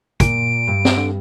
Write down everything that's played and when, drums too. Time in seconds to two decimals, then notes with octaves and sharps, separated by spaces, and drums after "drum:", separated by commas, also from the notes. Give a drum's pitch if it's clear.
0.20 A#2 D7, drum: kick, hi-hat
0.67 G2
0.85 drum: snare
0.97 D3